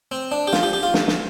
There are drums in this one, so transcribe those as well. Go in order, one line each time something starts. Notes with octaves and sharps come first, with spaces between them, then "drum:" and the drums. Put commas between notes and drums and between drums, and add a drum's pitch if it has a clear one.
C4
D4
G4
F4, drum: snare
G4
G4
F4
drum: snare
drum: snare